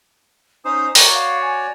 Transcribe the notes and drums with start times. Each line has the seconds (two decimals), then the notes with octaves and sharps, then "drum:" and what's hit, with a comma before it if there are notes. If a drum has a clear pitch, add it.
0.65 C#4 D#4 C5 D#6
0.95 F#4 A#4 C#5 D5, drum: open hi-hat
1.14 F5
1.42 G#5